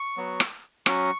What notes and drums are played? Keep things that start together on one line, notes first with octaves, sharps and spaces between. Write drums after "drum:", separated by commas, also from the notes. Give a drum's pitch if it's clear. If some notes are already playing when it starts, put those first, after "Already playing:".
Already playing: C#6
F#3 B3 F#4
drum: rim click
F#3 C#4 F#4 C#6, drum: rim click